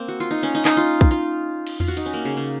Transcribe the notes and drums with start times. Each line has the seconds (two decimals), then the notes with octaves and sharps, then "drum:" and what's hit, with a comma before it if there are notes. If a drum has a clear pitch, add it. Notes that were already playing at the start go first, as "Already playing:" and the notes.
Already playing: A#3 C4
0.08 F#4
0.20 F4
0.31 D#4
0.43 C#4
0.55 D#4
0.65 D#4, drum: clap
0.77 F4
1.01 drum: kick
1.11 F4
1.67 drum: cymbal
1.80 F4, drum: tom E2
1.88 F#4
1.97 D#4, drum: hi-hat
2.06 C#4
2.14 A#3
2.25 C#3
2.37 C#3